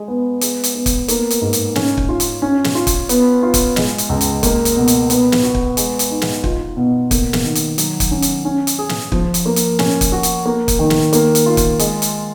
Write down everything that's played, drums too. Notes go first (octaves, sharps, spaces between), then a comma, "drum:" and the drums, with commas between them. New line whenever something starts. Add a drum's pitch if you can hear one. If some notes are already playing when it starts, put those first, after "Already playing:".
Already playing: G#3
B3
G#3, drum: hi-hat
drum: hi-hat
B3
drum: kick, hi-hat
A#3, drum: hi-hat
drum: hi-hat
G#2
drum: hi-hat
C#4, drum: snare
drum: kick
F4
drum: hi-hat
C#4
drum: snare
F4
drum: kick, hi-hat
B3, drum: hi-hat
F4
drum: kick, hi-hat
G#3, drum: snare
drum: hi-hat
C#2
drum: hi-hat
A#3, drum: kick, hi-hat
drum: hi-hat
B2
drum: hi-hat
B3, drum: hi-hat
drum: snare
F#4
drum: kick
G#3, drum: hi-hat
drum: hi-hat
D#4
drum: snare
F4, drum: kick
B2
A#3, drum: kick, hi-hat
drum: snare
D#3
drum: hi-hat
F#3, drum: hi-hat
drum: kick, hi-hat
C#4
drum: hi-hat
C#4
drum: hi-hat
G#4
drum: snare
F3, drum: kick
drum: hi-hat
A#3
drum: hi-hat
C#4, drum: snare
drum: kick, hi-hat
F#4
drum: hi-hat
A#3
drum: kick, hi-hat
D#3
drum: snare
A#3, drum: hi-hat
drum: hi-hat
F4
drum: kick, hi-hat
G#3, drum: hi-hat
drum: hi-hat